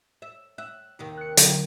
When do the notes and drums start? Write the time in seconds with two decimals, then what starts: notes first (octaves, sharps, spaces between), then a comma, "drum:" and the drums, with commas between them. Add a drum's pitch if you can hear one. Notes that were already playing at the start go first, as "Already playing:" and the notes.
0.22 E5
0.58 E5 F#6
0.99 D#2 C3 D#3
1.17 F#6 C#7
1.37 D3 F#3, drum: hi-hat